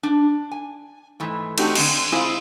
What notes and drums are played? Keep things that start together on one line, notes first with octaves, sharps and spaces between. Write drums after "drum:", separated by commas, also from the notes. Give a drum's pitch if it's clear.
D4
G#5
G#2 E3 A3
A3 C4 D4 D#4 F#4 G4, drum: cymbal
D3 G#3 C4, drum: cymbal
G#3 C4 E4 F4 G#4 C5